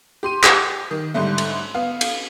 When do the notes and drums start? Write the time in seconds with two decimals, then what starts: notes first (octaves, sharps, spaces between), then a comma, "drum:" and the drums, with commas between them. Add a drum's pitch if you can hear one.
0.23 G4 C6 D#7
0.44 G4, drum: clap
0.91 D#3
1.14 G#2 D3 G3 A3
1.38 drum: cymbal
1.75 B3 F5
2.01 drum: cymbal